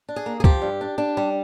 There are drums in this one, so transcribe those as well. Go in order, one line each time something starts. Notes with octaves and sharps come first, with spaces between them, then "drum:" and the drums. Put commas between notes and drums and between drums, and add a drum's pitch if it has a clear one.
D4
G#4
A#3
G#4
F3 G4, drum: kick
G2
D4
D4
G3